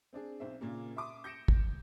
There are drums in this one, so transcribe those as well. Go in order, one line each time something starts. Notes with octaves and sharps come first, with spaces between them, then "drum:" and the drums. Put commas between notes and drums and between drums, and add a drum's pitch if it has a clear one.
C4 D4 G#4
B1 C4 E5
A#2 C#3 A#3
E5 C6 D6 D#6
G6 A#6 C#7 D7 E7
drum: kick